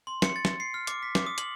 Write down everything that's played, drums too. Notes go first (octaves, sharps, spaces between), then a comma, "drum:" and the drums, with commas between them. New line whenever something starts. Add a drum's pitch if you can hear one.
C6
C#7, drum: snare
A6
drum: snare
C7
F6
D6, drum: hi-hat
B6
D6, drum: snare
D#6
F#7, drum: hi-hat